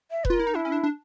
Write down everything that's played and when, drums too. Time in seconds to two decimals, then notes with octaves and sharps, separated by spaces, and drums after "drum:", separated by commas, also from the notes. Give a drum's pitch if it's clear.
0.11 E5
0.25 B4, drum: kick E1
0.30 F4 A#4
0.39 E4
0.47 D#4
0.55 D4 E4
0.65 C#4
0.72 D4
0.83 D4